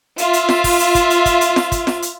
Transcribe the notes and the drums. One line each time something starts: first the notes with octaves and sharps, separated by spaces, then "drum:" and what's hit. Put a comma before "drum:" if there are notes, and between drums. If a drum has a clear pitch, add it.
F4 E5, drum: hi-hat
drum: hi-hat
drum: snare F4
drum: kick, open hi-hat
drum: hi-hat
drum: kick, hi-hat
drum: hi-hat
drum: kick, hi-hat
drum: hi-hat
drum: snare F4
drum: kick, hi-hat
drum: snare F4
drum: hi-hat